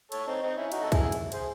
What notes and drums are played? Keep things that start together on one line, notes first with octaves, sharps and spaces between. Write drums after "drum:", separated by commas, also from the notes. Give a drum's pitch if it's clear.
A4 C#5, drum: cymbal
C4 D#4
C4 D#4
C#4 E4
E4
D#4 F#4, drum: cymbal
A4
E4 G#4, drum: kick, cymbal
drum: cymbal
G#4 C5, drum: cymbal